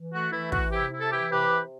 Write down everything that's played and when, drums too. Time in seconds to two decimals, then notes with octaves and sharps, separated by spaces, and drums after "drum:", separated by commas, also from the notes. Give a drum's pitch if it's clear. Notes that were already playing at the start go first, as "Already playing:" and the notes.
Already playing: E3
0.13 A3 F#4
0.32 E3 E4
0.52 E4 F#4, drum: kick
0.71 C3 E4 G4
0.91 E4
1.00 A4
1.11 E3 E4 G4
1.31 C3 G4 B4
1.50 C3